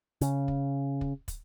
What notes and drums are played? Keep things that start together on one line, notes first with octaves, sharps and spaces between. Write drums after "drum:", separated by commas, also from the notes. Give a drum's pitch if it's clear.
C#3, drum: hi-hat
drum: kick
drum: kick
drum: kick, hi-hat